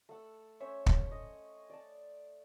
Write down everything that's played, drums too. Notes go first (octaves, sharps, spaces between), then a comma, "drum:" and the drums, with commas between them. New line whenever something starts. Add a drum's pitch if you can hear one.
A3 F#5 E6
C#4 C5 C#5 E5
drum: kick
D#5
D5 A5